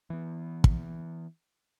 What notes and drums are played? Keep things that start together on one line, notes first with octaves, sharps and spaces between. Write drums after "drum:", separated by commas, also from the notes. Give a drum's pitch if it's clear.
E3 B3
drum: kick